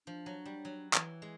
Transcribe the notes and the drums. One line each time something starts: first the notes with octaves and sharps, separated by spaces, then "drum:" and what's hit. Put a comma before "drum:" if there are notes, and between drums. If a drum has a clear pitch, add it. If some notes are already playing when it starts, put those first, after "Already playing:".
F3 D4
F#3
G3
F#3
E3, drum: clap
G#3